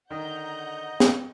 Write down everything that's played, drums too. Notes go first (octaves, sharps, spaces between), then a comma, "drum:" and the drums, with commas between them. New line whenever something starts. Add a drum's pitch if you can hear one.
D3 D#3 D#5 F#5 A#5 G6
drum: snare